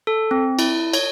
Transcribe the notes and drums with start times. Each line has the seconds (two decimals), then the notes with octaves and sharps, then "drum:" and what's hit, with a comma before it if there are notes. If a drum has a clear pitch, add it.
0.07 A4
0.31 C4
0.59 E4, drum: cymbal
0.94 C#5, drum: cymbal